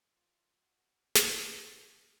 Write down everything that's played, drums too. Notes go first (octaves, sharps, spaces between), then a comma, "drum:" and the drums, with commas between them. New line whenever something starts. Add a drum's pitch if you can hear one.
F4
F#4
drum: snare